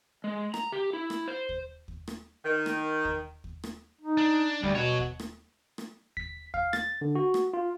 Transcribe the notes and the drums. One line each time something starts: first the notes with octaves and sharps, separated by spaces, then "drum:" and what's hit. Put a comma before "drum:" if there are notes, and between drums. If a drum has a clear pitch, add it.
G#3
A#5, drum: rim click
G4
E4
drum: rim click
C5
drum: kick
drum: kick
drum: rim click
D#3
drum: rim click
drum: kick
drum: kick
drum: rim click
D#4
D4
D2 G3, drum: kick
B2 F#4 C#5
drum: kick
drum: rim click
drum: rim click
B6, drum: kick
F5, drum: kick
A6, drum: rim click
D3
F#4
drum: rim click
F4